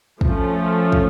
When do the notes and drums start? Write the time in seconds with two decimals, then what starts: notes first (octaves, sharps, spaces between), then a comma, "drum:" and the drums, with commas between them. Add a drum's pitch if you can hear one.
0.21 F3 A3 C#4 F4, drum: kick
0.92 drum: kick